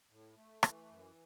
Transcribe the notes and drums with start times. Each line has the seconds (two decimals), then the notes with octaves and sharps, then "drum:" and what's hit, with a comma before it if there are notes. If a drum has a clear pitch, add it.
0.10 A2
0.36 A3
0.63 E3, drum: rim click
0.89 F#2